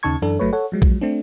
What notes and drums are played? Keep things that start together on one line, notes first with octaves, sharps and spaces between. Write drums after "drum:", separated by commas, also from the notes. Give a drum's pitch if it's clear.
D#2 C#3 D#4 A5 C#6 G#6
F#2 E3 D4 A4
G1 F#3 A3 B4 C#5
A4 C#5 F#5
F3 F#3 G#3
drum: kick A#1
A3 C4 D4